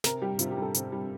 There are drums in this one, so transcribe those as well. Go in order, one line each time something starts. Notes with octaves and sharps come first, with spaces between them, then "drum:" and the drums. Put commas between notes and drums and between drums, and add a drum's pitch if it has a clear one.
C3 A#4, drum: snare
G3 G4
C3 F4, drum: hi-hat
G4
G3
A4
C3, drum: hi-hat
G3